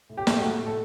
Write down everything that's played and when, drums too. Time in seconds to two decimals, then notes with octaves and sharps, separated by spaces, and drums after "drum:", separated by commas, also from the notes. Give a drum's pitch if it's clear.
0.09 A2
0.17 G4
0.27 A2 A3 A4, drum: snare
0.40 A2 F#4
0.61 A2 A3 A4